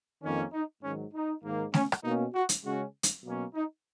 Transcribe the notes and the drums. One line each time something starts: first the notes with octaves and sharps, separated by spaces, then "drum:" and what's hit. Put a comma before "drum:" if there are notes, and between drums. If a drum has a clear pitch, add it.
F2 D#3 A#3 C#4
D#4
G#2 D#3 F#3 C#4
D#4
G#2 D#3 A#3
C#4, drum: snare
drum: rim click
B2 A#3 C#4 D#4
F#4
drum: hi-hat
C#3 G#3 C#4 F#4
drum: hi-hat
B2 F#3 A#3 C#4
D#4